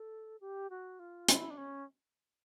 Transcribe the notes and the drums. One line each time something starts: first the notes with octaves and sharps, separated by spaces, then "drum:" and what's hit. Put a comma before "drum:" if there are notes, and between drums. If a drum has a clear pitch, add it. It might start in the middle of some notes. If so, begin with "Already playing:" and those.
Already playing: A4
G4
F#4
F4
E4, drum: hi-hat
D4
C#4